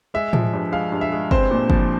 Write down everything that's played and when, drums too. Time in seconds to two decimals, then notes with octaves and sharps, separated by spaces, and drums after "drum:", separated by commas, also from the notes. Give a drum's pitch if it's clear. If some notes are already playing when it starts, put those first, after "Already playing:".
0.14 G#3 E5
0.33 F3, drum: tom A2
0.53 G2
0.72 G#3 F5
0.92 G2
1.01 E5
1.12 G#3
1.31 C4 C5, drum: kick
1.51 A#2
1.70 F3, drum: kick